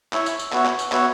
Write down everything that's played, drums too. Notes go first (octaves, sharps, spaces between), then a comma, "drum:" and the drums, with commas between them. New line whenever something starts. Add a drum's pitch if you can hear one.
E4 C#5 E5, drum: clap
drum: tambourine
drum: tambourine
B3 F#4 C#5 E5, drum: clap
drum: clap
drum: tambourine
B3 F#4 C#5 E5, drum: clap